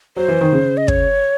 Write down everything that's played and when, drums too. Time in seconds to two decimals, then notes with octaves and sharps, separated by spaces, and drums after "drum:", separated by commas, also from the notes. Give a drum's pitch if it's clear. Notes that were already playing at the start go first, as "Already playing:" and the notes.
0.16 F#3 C5
0.28 E3
0.41 D#3
0.53 C#3
0.77 D#5
0.88 C#5, drum: kick